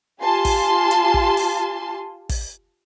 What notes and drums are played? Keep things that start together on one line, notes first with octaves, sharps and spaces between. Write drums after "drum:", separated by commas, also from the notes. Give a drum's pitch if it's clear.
F4 G4 G#5 A5 C6
drum: kick, open hi-hat
drum: hi-hat
drum: kick
drum: open hi-hat
drum: kick, open hi-hat